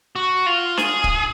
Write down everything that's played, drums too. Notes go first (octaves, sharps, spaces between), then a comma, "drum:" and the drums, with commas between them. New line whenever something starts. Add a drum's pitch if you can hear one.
F#4
F4
G#4, drum: snare
drum: kick